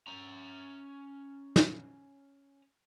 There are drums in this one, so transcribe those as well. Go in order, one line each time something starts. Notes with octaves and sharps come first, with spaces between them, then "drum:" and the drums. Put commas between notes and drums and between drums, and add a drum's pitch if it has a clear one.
C#4 A#5
drum: snare